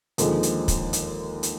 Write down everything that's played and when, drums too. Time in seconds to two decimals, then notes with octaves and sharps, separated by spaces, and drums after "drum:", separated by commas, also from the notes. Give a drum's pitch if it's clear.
0.18 D#2 D3 F3 G#3, drum: hi-hat
0.43 drum: hi-hat
0.68 drum: kick, hi-hat
0.93 drum: hi-hat
1.43 drum: hi-hat